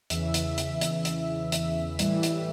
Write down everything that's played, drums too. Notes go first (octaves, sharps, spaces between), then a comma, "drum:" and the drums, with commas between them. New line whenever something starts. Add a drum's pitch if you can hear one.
E2 C#3 E3 E5, drum: hi-hat
drum: hi-hat
drum: hi-hat
drum: hi-hat
drum: hi-hat
drum: hi-hat
A2 E3 G3, drum: hi-hat
drum: hi-hat